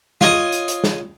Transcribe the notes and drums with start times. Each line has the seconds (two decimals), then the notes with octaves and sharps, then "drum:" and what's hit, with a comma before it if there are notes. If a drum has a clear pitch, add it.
0.21 F4 C#5 D#5 D#6, drum: snare
0.52 drum: hi-hat
0.68 drum: hi-hat
0.84 drum: snare